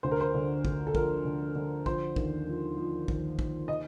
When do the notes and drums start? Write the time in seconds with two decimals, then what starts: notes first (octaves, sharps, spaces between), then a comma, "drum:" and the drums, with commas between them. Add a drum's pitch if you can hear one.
0.03 D2 C5
0.11 A#4
0.21 C5
0.34 D3
0.65 D2, drum: kick
0.87 A4
0.95 F3 A#4, drum: kick
1.25 D3
1.55 D3
1.86 F3 C5, drum: kick
2.16 D#2, drum: kick
2.47 F3
2.77 F3
3.08 D#2, drum: kick
3.39 D#2, drum: kick
3.68 D#5